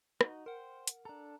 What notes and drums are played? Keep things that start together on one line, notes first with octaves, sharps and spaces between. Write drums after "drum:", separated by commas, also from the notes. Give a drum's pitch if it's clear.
D#4 F#4, drum: rim click
A#4 C5 F#5 G5
drum: hi-hat
D4 A4 A#5